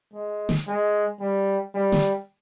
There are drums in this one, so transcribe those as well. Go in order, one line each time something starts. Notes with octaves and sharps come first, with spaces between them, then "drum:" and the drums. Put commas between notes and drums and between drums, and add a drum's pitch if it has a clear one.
G#3
drum: snare
G#3
G3
G3
drum: snare